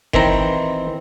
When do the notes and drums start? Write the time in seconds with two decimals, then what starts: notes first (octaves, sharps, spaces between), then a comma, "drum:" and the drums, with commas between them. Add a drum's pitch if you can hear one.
0.13 D#3 E3 C4 A#5, drum: kick F#1